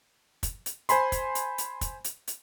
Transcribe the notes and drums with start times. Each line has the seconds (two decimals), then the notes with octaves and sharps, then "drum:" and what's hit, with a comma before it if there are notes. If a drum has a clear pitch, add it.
0.43 drum: kick, hi-hat
0.66 drum: hi-hat
0.89 C5 G#5 B5 C6, drum: hi-hat
1.12 drum: kick, hi-hat
1.35 drum: hi-hat
1.58 drum: hi-hat
1.81 drum: kick, hi-hat
2.04 drum: hi-hat
2.27 drum: hi-hat